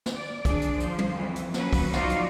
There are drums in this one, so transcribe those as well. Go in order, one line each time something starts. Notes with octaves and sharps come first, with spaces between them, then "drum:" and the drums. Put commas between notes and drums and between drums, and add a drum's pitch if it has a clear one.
drum: snare
D5
D4 G#4 D5, drum: kick, hi-hat
drum: hi-hat
F3 C5, drum: hi-hat
drum: tom
F2 E3
drum: hi-hat
F#3 A#3 C#4 B4, drum: snare
drum: kick, open hi-hat
F3 F#3 D#4 F4 F#4 D5, drum: snare
drum: hi-hat